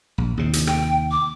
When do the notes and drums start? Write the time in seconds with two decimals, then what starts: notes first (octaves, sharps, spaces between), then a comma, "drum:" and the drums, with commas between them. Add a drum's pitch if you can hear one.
0.18 A#1
0.37 D#2 C3
0.53 drum: hi-hat
0.67 G5, drum: rim click
1.11 D6